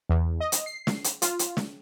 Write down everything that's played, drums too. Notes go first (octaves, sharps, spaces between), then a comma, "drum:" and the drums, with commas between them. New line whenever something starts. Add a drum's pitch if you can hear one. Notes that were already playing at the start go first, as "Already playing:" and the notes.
E2
D#5
drum: hi-hat
C7
drum: snare
drum: hi-hat
F4, drum: hi-hat
drum: hi-hat
drum: snare